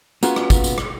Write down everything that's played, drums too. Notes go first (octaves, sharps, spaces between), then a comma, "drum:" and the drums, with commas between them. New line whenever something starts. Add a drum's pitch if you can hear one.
A#3 B3 C#4 F4 F#4 G#4, drum: tambourine
drum: rim click
drum: kick, tambourine
drum: tambourine
drum: rim click